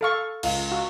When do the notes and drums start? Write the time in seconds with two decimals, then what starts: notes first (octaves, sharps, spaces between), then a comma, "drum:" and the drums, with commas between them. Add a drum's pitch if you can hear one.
0.01 A4 F5 C#6
0.43 C#2, drum: cymbal
0.72 F#4